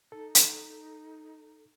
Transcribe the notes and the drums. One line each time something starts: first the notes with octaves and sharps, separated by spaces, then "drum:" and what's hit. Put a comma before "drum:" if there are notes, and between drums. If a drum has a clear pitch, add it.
D#4 A4
drum: hi-hat